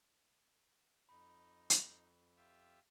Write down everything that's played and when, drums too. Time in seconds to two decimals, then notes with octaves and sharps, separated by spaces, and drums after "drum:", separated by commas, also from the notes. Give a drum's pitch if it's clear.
1.09 F2 D#4 B5
1.70 drum: hi-hat
2.36 F4 G4 E5